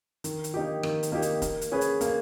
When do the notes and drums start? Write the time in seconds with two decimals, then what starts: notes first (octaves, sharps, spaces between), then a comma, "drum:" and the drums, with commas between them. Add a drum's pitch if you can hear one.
0.24 D#3, drum: hi-hat
0.44 drum: hi-hat
0.54 A#3 D#4 G4
0.83 D#3, drum: rim click
1.03 drum: hi-hat
1.12 A#3 D#4 G4
1.22 drum: hi-hat
1.42 A#3, drum: kick, hi-hat
1.61 drum: hi-hat
1.72 C#4 G#4 B4
1.81 drum: hi-hat
2.01 A#3, drum: hi-hat